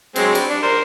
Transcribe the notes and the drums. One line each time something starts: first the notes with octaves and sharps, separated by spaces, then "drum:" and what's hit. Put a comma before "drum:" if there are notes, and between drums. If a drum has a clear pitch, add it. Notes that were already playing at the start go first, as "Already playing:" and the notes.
F#3 G#3 C4, drum: cymbal
G3, drum: cymbal
D4
A#4 C5